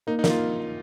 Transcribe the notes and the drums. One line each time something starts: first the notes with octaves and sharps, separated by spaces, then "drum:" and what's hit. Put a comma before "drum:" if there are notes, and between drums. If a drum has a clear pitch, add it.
A#3 D#4
D#4
A#3, drum: snare
F4